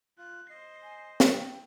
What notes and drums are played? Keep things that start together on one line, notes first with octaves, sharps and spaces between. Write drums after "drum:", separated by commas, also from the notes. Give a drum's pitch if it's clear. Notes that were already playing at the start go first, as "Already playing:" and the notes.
F4 F#6
C5 D#5 C7
G#5
G5, drum: snare